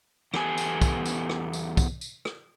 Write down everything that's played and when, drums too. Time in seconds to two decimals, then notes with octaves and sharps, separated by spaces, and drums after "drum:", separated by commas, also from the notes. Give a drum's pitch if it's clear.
0.34 E2 B3 G4 A4 G#5, drum: rim click
0.58 drum: tambourine
0.82 drum: kick, tambourine
1.05 drum: tambourine
1.29 drum: rim click
1.53 drum: tambourine
1.77 drum: kick, tambourine
2.01 drum: tambourine
2.25 drum: rim click